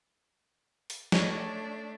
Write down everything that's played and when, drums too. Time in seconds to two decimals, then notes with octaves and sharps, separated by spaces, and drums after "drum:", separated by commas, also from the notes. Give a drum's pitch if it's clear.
0.90 drum: open hi-hat
1.12 A3 D4 C#5 D#5, drum: snare